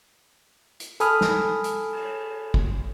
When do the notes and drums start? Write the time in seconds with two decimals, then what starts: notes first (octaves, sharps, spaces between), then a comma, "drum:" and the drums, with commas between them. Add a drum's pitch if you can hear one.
0.80 drum: hi-hat
1.00 A4 G#5 B5 D#6 F6, drum: hi-hat
1.21 drum: snare
1.64 drum: hi-hat
1.93 drum: cymbal
2.54 drum: kick